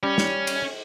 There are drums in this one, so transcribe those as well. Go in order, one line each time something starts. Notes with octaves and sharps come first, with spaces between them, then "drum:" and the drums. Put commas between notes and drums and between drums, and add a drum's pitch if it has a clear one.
G3 C#4
drum: snare
drum: cymbal